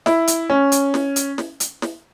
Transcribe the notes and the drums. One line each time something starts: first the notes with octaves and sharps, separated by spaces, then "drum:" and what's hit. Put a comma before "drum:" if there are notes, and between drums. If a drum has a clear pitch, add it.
E4, drum: snare
drum: hi-hat
C#4
drum: hi-hat
drum: snare
drum: hi-hat
drum: snare
drum: hi-hat
drum: snare